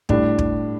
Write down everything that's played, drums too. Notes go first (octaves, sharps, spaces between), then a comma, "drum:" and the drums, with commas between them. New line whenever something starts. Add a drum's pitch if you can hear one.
A2 G3 D4, drum: kick
drum: kick